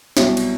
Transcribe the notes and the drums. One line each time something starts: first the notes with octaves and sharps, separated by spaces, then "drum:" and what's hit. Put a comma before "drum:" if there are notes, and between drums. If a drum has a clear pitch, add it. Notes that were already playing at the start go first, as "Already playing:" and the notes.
C2 B2 F#3 E4 G4, drum: snare
drum: cymbal